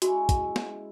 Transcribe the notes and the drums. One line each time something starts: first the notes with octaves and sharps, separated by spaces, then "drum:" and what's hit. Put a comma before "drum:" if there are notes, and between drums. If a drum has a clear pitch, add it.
G#3 C#4 E4 F#4, drum: hi-hat
drum: kick, hi-hat
drum: snare